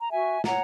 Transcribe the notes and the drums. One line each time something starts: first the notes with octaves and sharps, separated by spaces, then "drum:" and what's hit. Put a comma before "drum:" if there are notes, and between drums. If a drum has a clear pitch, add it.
A#5
F#4 E5 G#5
C#5 F#5 A#5, drum: snare